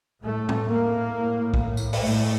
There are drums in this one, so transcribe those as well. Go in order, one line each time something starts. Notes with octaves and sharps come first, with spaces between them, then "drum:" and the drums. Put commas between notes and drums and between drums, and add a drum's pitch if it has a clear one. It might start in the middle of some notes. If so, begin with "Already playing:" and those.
A2 A3
drum: tom A2
A#3
A2
drum: kick
drum: tambourine
drum: open hi-hat
A2 A3